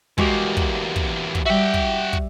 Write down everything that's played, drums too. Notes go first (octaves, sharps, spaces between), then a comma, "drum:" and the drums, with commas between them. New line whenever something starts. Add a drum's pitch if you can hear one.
E2 G#3 A#3 F#4 G4, drum: kick
drum: kick
drum: kick
drum: kick
G3 F#4 E5 G5
drum: kick
drum: kick